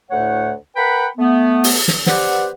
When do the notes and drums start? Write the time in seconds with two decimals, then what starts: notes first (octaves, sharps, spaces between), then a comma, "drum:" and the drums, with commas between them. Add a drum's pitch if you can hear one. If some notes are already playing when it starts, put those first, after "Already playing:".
0.10 D2 A2 A3 C#5 F#5
0.76 A#4 B4 F#5 G5 B5
1.18 A3 B3
1.64 drum: open hi-hat
1.88 drum: snare
2.06 B3 G4 B4 C5 D5 F#5, drum: snare